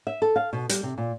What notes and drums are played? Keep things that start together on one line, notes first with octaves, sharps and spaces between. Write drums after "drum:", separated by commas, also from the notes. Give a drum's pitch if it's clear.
E5
A4
F5
B2
G3, drum: hi-hat
C3
A#2